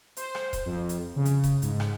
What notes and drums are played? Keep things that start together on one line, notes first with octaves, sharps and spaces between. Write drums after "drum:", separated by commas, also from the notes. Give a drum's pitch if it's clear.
C5, drum: hi-hat
drum: rim click
drum: kick D#1, hi-hat
F2
drum: hi-hat
C#3
drum: hi-hat
drum: kick D#1, hi-hat
G#2, drum: hi-hat
drum: rim click